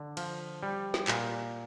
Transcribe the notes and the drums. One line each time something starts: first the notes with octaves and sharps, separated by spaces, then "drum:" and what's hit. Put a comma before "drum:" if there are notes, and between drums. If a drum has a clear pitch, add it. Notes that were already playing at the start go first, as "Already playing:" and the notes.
Already playing: D3
F3, drum: cymbal
G3
drum: snare
A#2, drum: clap